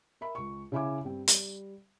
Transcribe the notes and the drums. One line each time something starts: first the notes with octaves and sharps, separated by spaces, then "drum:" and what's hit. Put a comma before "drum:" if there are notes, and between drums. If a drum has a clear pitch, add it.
A#4 E5 B5
C#2 C#6
C#3 C#4 E4 E5 G#5 D6
G2 C4
G3, drum: hi-hat